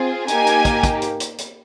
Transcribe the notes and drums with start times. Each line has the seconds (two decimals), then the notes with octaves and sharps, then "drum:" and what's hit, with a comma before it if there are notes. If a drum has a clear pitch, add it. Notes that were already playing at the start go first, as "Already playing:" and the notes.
Already playing: C4 F4 G#4
0.28 A#3 D#4 G4 G#5, drum: hi-hat
0.47 drum: hi-hat
0.65 drum: kick, hi-hat
0.83 drum: kick, hi-hat
1.02 drum: hi-hat
1.20 drum: hi-hat
1.38 drum: hi-hat